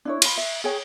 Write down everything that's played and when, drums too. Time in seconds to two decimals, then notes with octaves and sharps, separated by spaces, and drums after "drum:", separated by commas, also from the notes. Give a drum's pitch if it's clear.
0.05 D4 E4 C#5
0.22 F4 B5, drum: cymbal
0.37 E5
0.64 G#4 C#5 G5